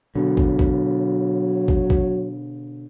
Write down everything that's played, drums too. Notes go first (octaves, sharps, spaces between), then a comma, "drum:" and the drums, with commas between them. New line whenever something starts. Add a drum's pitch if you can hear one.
B2 D3 F#3
drum: kick
drum: kick
drum: kick
drum: kick